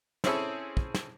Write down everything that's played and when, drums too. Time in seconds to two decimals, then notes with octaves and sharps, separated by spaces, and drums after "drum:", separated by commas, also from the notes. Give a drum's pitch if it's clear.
0.24 C4 C#4 E4 G#4 A4, drum: snare
0.77 drum: kick
0.95 drum: snare